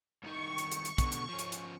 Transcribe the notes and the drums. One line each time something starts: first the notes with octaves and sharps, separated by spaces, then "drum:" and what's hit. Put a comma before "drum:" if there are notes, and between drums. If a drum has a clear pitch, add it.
C2 D#3 C#6
drum: hi-hat
drum: hi-hat
drum: hi-hat
B2 D3, drum: kick, hi-hat
drum: hi-hat
F3 C#4
drum: hi-hat
drum: hi-hat